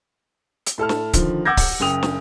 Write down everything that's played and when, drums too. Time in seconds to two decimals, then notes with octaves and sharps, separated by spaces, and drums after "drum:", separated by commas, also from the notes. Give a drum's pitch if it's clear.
0.67 drum: hi-hat
0.78 A2 A4 A5 F6
0.89 drum: snare
1.14 D3 D#3 F3, drum: kick C#1, hi-hat
1.45 F#5 D6 E6 G6 G#6 A#6
1.57 drum: kick C#1, open hi-hat
1.80 F#1 C#3 G5 D#6 F7
2.03 drum: snare